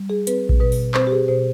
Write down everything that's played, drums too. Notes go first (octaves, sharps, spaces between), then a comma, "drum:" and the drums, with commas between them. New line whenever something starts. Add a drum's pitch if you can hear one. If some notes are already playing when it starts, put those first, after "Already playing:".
Already playing: G3
G#4
C4 B4, drum: hi-hat
drum: kick A1
B2 B4
drum: open hi-hat
C4 C5, drum: clap
G4
G#4
B2 C5